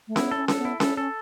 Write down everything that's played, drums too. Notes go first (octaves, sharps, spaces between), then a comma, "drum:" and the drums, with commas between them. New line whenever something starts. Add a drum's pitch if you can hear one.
A3
B3 E4, drum: snare C#4
A4
C#4
A4, drum: snare C#4
B3
E4
C#4 A4, drum: snare C#4
C#4 A4